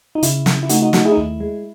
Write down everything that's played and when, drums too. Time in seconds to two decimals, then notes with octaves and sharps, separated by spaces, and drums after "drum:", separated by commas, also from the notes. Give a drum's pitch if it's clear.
0.15 D#4
0.23 C#3 E4, drum: hi-hat
0.46 C#3, drum: snare
0.63 E4
0.69 A3 D#4 F#4, drum: hi-hat
0.82 D#4 F#4
0.93 A3 D#4 F#4, drum: snare
1.05 E4 G#4
1.12 D#4
1.17 D#2 E4
1.40 G#3